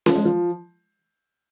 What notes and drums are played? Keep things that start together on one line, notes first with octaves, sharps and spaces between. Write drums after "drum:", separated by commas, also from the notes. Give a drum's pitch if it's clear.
F3, drum: snare C#4
G#3
F3